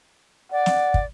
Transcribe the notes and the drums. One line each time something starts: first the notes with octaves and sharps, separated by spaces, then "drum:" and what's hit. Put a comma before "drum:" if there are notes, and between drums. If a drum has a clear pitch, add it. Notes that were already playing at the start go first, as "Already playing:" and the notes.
D5 F#5
drum: snare
drum: kick